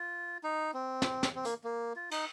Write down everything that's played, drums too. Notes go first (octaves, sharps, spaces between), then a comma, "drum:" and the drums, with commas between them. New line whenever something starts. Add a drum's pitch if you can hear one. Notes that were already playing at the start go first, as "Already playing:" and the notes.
Already playing: F4
D#4
C4
drum: snare
drum: snare
C4
A#3, drum: hi-hat
A#3
F4
D#4, drum: cymbal